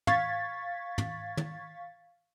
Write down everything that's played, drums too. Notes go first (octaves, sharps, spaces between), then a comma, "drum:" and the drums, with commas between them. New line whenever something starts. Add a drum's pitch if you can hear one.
F5 C#6 G#6 A6 B6, drum: tom
drum: tom
drum: tom